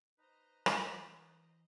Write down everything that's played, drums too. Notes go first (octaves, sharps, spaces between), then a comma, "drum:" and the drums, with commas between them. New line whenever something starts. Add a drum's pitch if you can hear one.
D#4 B4 C5 D#5 A#5
drum: rim click
E3